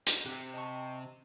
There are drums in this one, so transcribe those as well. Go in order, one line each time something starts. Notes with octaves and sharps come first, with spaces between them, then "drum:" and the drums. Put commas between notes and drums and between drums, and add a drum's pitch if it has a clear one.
drum: hi-hat
C3 G4 F#6
D#5 A5 C#6